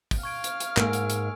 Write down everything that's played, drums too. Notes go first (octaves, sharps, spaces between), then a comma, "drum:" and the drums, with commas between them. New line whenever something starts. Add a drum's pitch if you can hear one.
drum: kick, open hi-hat
F5 C#6 F6 G#6 D7
drum: hi-hat
drum: hi-hat
G#2 G#3 A#3 G#5 E6 D7, drum: clap
drum: hi-hat
drum: hi-hat